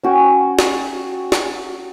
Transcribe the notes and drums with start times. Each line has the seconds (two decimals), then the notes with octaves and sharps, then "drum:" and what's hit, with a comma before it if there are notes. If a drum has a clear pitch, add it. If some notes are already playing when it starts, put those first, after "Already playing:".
0.03 C#4 F#4 G5 G#5
0.59 drum: snare
1.32 drum: snare